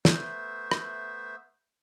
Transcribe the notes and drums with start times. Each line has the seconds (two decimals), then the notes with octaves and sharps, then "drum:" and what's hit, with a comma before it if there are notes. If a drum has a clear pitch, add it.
0.05 A3 B3 C5 E5, drum: snare
0.71 drum: rim click